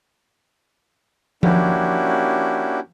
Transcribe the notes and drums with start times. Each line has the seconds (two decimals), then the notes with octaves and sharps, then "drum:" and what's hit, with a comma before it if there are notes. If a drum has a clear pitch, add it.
1.43 A#3 C#4 D4 E4 F#4 G4, drum: tom F3